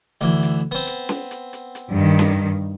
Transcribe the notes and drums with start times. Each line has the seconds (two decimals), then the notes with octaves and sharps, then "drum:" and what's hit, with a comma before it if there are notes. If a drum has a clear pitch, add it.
0.21 D2 E3, drum: hi-hat
0.43 drum: hi-hat
0.71 B3 C4
0.87 drum: hi-hat
1.09 drum: snare C#4
1.31 drum: hi-hat
1.53 drum: hi-hat
1.75 drum: hi-hat
1.92 G2 D#3
2.19 drum: snare C#4